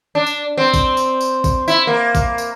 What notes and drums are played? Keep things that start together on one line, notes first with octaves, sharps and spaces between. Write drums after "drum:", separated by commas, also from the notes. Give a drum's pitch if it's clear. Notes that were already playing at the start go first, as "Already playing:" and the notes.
D4
drum: tambourine
C4
drum: kick A#1, tambourine
drum: tambourine
drum: tambourine
drum: kick A#1, tambourine
E4, drum: tambourine
A#3
drum: kick A#1, tambourine
drum: tambourine